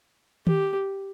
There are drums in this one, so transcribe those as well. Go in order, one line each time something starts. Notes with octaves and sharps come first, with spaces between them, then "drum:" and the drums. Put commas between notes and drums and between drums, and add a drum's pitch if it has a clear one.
G4, drum: tom D#3